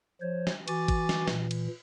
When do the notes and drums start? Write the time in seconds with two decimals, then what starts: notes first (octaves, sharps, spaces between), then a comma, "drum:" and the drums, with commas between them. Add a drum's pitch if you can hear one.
0.21 F3 C5 C#5
0.47 drum: snare
0.68 E3 F#4 G#5 D6 A6, drum: cymbal
0.88 drum: kick G#1, cymbal
1.09 drum: snare
1.28 A#2 E3, drum: snare
1.51 drum: cymbal